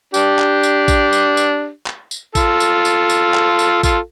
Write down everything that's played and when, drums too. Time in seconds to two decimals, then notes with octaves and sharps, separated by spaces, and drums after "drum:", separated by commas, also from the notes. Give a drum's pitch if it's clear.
0.14 D4 G4, drum: tambourine
0.39 drum: clap
0.63 drum: tambourine
0.88 drum: kick A1, tambourine
1.13 drum: tambourine
1.37 drum: tambourine
1.86 drum: clap
2.11 drum: tambourine
2.35 F4 A4, drum: kick A1, tambourine
2.60 drum: tambourine
2.85 drum: tambourine
3.10 drum: tambourine
3.34 drum: clap
3.59 drum: tambourine
3.83 F4 A4, drum: kick A1, tambourine